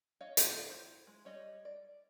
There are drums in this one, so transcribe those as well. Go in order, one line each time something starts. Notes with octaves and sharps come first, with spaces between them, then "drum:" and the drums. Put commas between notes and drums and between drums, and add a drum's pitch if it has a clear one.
C#5 D#5 F5
F4 G4 A#4, drum: hi-hat
E4 C5
G#3
G3 C#5 D#5
D5